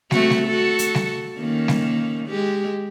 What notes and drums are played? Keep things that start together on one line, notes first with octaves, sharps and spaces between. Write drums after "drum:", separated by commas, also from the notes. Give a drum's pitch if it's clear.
A3 C4 F#4, drum: snare
drum: snare
F#4 A4
drum: hi-hat
drum: snare
D#3 A#3 C#4
drum: snare
G#3 G4